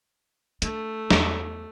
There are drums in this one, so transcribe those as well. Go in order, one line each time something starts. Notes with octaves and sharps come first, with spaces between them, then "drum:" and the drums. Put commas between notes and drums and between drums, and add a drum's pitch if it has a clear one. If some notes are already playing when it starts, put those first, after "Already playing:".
A3 D4, drum: hi-hat
E2, drum: snare